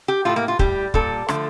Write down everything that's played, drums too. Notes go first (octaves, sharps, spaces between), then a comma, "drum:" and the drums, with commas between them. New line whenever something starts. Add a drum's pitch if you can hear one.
G4
A2 A3 F4
A#3
F4
A2 G3 G4, drum: kick
A#2 G3 A4, drum: kick
D3 F3 A3, drum: rim click